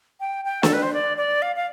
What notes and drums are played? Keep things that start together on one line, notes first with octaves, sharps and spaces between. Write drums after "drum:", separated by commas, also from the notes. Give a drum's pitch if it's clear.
G5
G5
A4, drum: snare
B4
C5
D5
D5
F5
F5